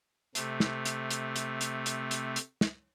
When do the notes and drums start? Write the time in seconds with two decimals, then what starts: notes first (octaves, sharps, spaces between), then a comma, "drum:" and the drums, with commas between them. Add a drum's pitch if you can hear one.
0.35 C3 A3, drum: hi-hat
0.60 drum: snare
0.85 drum: hi-hat
1.11 drum: hi-hat
1.36 drum: hi-hat
1.61 drum: hi-hat
1.86 drum: hi-hat
2.11 drum: hi-hat
2.36 drum: hi-hat
2.61 drum: snare